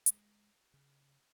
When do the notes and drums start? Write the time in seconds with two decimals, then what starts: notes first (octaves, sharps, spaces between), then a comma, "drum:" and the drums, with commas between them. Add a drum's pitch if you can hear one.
0.06 G#3, drum: hi-hat
0.74 C#3